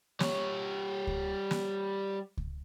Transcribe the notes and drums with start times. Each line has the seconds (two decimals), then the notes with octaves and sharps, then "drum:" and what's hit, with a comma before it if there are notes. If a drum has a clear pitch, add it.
0.20 G3 C#5, drum: snare
1.07 drum: kick C#2
1.51 drum: snare
2.38 drum: kick C#2